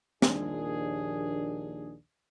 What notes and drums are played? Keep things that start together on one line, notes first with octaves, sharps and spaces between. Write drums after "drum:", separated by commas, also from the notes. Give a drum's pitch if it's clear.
A#1 D#2 D4 G#4, drum: snare